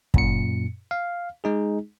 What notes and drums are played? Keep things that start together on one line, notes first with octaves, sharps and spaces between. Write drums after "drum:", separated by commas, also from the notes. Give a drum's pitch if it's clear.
F#2 A#2 C#7, drum: kick
F5
G#3 D#4 G#4